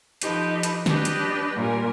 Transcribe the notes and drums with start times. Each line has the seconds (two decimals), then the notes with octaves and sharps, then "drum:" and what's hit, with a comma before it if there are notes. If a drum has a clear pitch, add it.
0.22 F3 D#4 G4 A4 B4, drum: hi-hat
0.63 drum: hi-hat
0.86 D4 G4 B4 D#5, drum: snare
1.05 drum: hi-hat
1.55 A#2 G3 A#3 A#4 G#5